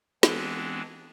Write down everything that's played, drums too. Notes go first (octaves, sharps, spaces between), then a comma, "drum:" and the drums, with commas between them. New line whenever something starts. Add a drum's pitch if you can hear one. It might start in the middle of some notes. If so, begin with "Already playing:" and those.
E3 G#3 B3 C4 D4, drum: snare